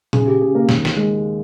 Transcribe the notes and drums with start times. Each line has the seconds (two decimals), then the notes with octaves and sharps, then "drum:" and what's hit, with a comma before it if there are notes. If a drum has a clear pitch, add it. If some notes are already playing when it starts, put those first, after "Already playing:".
0.13 C#3 G#4, drum: tom A#2
0.27 G4
0.41 C#3 G#4
0.55 A#3 A#4
0.69 D#2, drum: snare
0.85 drum: snare
0.97 G#3